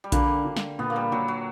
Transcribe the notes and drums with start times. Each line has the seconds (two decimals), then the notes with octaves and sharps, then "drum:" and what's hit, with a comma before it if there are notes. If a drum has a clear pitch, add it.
0.04 G3
0.12 D3 A#3, drum: kick A#1, hi-hat
0.45 D3
0.56 drum: snare
0.79 A#2 B3
0.90 A#3
0.96 G3
1.12 A#2 F#3
1.28 F#3